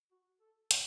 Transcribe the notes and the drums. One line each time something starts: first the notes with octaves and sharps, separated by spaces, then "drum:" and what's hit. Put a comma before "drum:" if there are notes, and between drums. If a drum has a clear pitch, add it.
F#4
A4
A4, drum: hi-hat